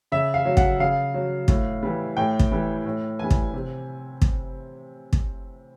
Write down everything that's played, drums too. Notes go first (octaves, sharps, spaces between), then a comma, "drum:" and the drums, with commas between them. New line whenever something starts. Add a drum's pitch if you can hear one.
C#3 E5
F5
F#3
F#5, drum: kick
C#3 F5
F#3
A2, drum: kick
E3 G3
A2 G5
drum: kick
E3 G3
A2
E3 G3 G#5
drum: kick
C3
drum: kick
drum: kick